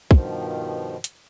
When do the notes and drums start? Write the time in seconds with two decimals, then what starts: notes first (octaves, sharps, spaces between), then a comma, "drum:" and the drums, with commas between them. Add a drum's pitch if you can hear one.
0.11 G2 B2 D#3 F3, drum: kick
1.04 drum: hi-hat